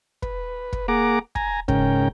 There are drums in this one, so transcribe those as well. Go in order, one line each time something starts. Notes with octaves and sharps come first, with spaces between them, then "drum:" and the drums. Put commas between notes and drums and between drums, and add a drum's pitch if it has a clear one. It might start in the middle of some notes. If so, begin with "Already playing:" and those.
B4, drum: kick
drum: kick
A#3 G#4 F#5 A#5 D6
G#5 A#5, drum: kick
G#2 C#3 C#4 A#4 G5, drum: kick